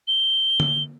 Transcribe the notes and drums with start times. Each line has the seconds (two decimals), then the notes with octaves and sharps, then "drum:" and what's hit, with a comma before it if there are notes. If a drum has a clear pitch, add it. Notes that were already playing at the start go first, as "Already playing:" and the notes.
0.08 G7
0.60 drum: tom